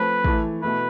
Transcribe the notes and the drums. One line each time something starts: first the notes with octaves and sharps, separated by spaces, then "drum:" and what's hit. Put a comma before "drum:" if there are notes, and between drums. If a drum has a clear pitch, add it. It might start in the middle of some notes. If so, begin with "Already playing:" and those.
Already playing: F3 A3 C4 B4
E3 A3 E4, drum: kick
B2 A3 E4 B4